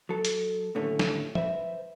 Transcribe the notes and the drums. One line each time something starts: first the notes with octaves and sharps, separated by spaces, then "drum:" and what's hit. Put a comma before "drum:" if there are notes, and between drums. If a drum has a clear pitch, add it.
F#3 A4
drum: hi-hat
D#2 A2 D3 A3 C#4
drum: snare
B4 C5 E5, drum: tom F3